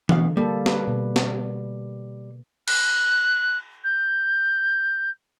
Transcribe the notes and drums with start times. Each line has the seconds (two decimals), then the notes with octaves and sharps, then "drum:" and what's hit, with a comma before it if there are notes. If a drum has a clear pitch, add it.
0.09 D2 B2 D3 F5, drum: tom E3
0.37 G3 A#3 A4
0.66 B4, drum: snare
0.87 B2
1.16 drum: snare
2.68 F#6, drum: cymbal
3.84 G6